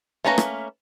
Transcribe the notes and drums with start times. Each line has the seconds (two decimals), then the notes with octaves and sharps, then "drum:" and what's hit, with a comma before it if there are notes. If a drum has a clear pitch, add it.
0.25 A3 A#3 C#4 B4 A#5
0.38 drum: rim click